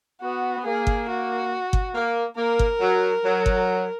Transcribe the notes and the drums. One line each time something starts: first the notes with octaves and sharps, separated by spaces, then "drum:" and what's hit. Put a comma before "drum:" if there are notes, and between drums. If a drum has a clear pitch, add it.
B3 F#4
B3
A#3 G#4
drum: kick G1
F#4
drum: kick G1
A#3
A#3 A#4
drum: kick G1
F#3
F#3
drum: kick G1